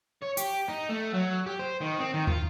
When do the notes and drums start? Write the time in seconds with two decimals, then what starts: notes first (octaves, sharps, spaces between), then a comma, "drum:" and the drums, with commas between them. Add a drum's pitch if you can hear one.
0.22 C#5
0.37 G4, drum: hi-hat
0.68 D#4
0.90 A3
1.14 F#3
1.46 G4
1.59 C5
1.81 D#3
1.99 C4
2.14 D#3
2.27 F4, drum: tom